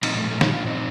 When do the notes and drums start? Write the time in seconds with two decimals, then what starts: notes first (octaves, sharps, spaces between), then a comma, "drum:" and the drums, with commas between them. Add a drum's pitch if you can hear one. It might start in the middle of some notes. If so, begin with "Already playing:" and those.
0.03 A#2 F3 C4 D#4, drum: cymbal
0.17 A3
0.29 A3
0.41 G3, drum: snare
0.53 D4 F4
0.66 C4 D#4